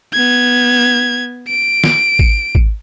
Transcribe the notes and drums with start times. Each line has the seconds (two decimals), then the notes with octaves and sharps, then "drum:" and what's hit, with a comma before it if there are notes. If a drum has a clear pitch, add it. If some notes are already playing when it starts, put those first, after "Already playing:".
0.13 B3 G#6
1.48 D7
1.84 drum: snare
2.19 drum: kick G#1
2.55 drum: kick G#1